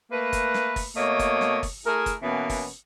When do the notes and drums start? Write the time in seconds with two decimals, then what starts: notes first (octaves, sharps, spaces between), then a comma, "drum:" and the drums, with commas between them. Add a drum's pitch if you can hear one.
0.11 A3 A#3 B4
0.33 drum: kick, hi-hat
0.54 drum: snare
0.76 drum: kick, open hi-hat
0.95 B2 A3 A#3 C#5 D#5
1.19 drum: kick, hi-hat
1.41 drum: snare
1.63 drum: kick, open hi-hat
1.86 A3 E4 G#4 A#4
2.06 drum: kick, hi-hat
2.22 B2 E3 A#3 B3 C#4
2.49 drum: kick, open hi-hat